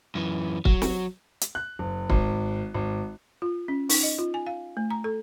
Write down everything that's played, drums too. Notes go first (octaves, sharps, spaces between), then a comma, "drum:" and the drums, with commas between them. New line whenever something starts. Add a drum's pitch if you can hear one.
F#2 E3
F#3, drum: kick
drum: snare
drum: hi-hat
F#6
F#1
G#1, drum: kick
G#1
F4
C#4
D#4, drum: open hi-hat
D#5
F4
G#5
F5
A3
A#5
A4